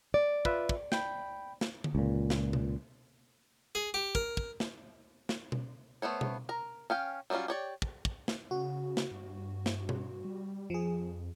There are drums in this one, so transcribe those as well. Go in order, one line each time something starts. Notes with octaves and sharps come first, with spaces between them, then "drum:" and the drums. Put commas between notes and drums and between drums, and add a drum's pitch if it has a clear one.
D5
F4 B4 E5, drum: kick
drum: kick
G5 B5, drum: snare
drum: snare
drum: tom D3
C#2 A#2
drum: snare
drum: tom B2
G#4
G4
A#4, drum: kick
drum: kick
drum: snare
drum: snare
drum: tom B2
A3 B3 C5 C#5
drum: tom B2
A#4 A#5
C#4 F5 G5
F#3 G3 C4 C#4 F4
G4 C#5 D5
drum: kick
drum: kick
drum: snare
C#3 F#4
drum: snare
G2
drum: snare
drum: tom B2
G3
F2 F3 G#4